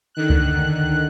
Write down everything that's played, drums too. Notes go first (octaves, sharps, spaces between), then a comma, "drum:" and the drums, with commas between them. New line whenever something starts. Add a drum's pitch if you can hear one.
D3 D#3 F#6
drum: kick C#2